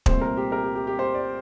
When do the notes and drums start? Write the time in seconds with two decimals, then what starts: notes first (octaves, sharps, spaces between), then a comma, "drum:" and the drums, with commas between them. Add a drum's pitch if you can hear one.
0.06 C2 A#2 A3 C4 C5, drum: kick
0.21 A#4
0.37 G4
0.52 A#4
0.63 G4
0.75 G4
0.87 G4
0.99 C5
1.14 D5